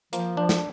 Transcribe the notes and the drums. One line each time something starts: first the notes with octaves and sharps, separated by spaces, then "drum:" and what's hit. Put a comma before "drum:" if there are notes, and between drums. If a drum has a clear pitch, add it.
F3 A#3, drum: hi-hat
F3 D4
drum: snare